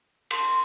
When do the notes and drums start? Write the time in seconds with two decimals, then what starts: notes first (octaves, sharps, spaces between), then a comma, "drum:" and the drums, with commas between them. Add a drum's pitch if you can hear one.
0.31 C6, drum: cymbal